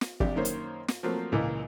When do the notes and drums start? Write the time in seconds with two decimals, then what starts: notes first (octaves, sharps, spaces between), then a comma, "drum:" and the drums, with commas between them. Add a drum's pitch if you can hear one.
0.01 drum: snare
0.20 A#1 C3 D4 G4, drum: kick
0.36 F#2 D#3 A#3 C5 C#5
0.45 drum: hi-hat
0.88 drum: snare
1.03 F3 F#3 A3 A#3 C4
1.32 C#2 A#2 E3 E4 D#5